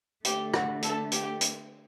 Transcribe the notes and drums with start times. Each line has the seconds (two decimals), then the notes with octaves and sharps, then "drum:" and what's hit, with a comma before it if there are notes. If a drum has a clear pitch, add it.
0.25 D3 A3 G4, drum: hi-hat
0.54 F#4, drum: rim click
0.82 A4, drum: hi-hat
1.12 G4, drum: hi-hat
1.41 drum: hi-hat